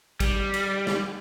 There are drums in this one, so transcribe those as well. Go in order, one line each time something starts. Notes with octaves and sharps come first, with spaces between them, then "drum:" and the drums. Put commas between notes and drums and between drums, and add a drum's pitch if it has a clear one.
G3, drum: kick, cymbal
drum: cymbal
drum: snare